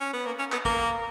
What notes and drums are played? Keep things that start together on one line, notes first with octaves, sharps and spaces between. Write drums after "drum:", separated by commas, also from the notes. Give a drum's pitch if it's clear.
C#4
B3
A#3
C#4
B3, drum: clap
A#3, drum: kick